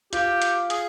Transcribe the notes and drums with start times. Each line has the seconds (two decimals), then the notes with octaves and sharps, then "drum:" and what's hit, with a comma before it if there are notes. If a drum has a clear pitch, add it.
0.13 F4 G4, drum: hi-hat
0.42 drum: hi-hat
0.70 G#4, drum: hi-hat